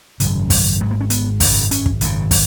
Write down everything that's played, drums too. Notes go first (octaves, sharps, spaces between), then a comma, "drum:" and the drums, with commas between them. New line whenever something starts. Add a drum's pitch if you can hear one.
G#1 F#2 C#3, drum: hi-hat
G#3, drum: kick, open hi-hat
G#1 G#2 F#3
A#3
C#4
B3, drum: hi-hat
G#1 F#2 C#3, drum: kick, open hi-hat
C#4, drum: hi-hat
drum: kick
G#1 F#2 C#3, drum: hi-hat
F#3, drum: kick, open hi-hat